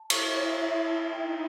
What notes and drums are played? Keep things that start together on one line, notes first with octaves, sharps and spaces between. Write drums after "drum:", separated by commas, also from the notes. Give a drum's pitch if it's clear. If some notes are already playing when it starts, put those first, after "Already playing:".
Already playing: A5
E4 C#6, drum: cymbal
C#5
E5
A5
D#4 G5